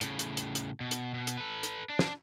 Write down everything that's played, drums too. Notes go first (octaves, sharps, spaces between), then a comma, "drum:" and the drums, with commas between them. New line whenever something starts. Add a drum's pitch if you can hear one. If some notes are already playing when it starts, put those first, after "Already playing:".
A2 C#3, drum: hi-hat
drum: hi-hat
drum: hi-hat
drum: hi-hat
B2
drum: hi-hat
B2
drum: hi-hat
A4 B4
drum: hi-hat
D4
drum: snare